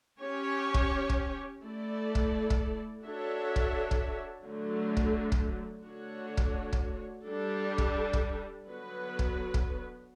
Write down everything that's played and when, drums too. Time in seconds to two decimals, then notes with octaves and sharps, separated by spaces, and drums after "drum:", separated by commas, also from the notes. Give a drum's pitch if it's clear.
0.21 C#4 G4 C#5
0.74 drum: kick
1.09 drum: kick
1.62 A3 E4 A4 D5
2.15 drum: kick
2.50 drum: kick
3.03 D4 F#4 A4 C#5 E5
3.56 drum: kick
3.91 drum: kick
4.44 D3 F#3 A3
4.97 drum: kick
5.32 drum: kick
5.84 D3 A3 D4 F#4 C#5
6.37 drum: kick
6.73 drum: kick
7.25 G3 D4 A4
7.78 drum: kick
8.13 drum: kick
8.66 D3 F#3 B3 F#4 B4
9.19 drum: kick
9.54 drum: kick